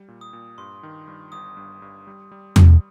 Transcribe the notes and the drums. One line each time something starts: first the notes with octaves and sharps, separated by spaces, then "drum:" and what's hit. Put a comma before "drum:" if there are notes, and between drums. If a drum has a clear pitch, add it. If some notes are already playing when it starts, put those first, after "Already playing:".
Already playing: G3
A#2
D#6
A#2
G2 C6
D#3
G2
G1 D#6
G2
G2
G3
G3
G3, drum: tom E2